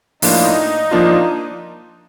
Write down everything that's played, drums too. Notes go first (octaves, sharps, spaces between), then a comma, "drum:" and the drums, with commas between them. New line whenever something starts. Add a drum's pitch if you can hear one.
A2 F3 A#3 D4 D#4 F4, drum: open hi-hat
F3 A#3 D4 F4